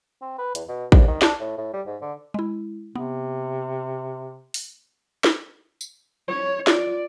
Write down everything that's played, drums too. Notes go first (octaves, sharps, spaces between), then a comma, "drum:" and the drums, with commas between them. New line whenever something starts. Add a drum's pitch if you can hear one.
C4
B4
E2, drum: hi-hat
B2
C2, drum: kick
D#3
D4, drum: snare
A2
A2
G3
G#2
D3
G#3 E4
C3 B3
drum: open hi-hat
drum: snare
drum: tambourine
C#5
F4 D5, drum: snare